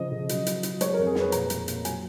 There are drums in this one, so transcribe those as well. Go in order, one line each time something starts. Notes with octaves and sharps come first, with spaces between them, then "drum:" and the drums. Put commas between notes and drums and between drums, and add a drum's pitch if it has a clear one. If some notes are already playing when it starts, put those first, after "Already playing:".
Already playing: C#3 F3 D#5
C#3
F#3, drum: hi-hat
F#3, drum: hi-hat
F#3, drum: hi-hat
G#3 C#5, drum: hi-hat
F2 A#4
G#4
F2, drum: snare
B4
A#2 A#5, drum: hi-hat
G#3, drum: hi-hat
A#2, drum: hi-hat
F#3 G#5, drum: hi-hat